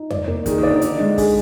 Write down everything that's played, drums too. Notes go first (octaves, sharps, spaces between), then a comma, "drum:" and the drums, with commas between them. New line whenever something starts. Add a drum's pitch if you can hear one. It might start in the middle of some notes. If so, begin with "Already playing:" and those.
Already playing: D#4
D5, drum: tom F2
A#3
D#3 G#4, drum: kick, hi-hat
D#3
D5
D3
D3 D#4, drum: hi-hat
G#3
G#4, drum: kick, open hi-hat